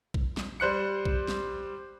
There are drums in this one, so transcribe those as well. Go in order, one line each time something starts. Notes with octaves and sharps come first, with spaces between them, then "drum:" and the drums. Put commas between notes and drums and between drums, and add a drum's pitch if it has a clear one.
drum: kick A#1
drum: snare
G3 C5 F#6 C#7
drum: kick A#1
drum: snare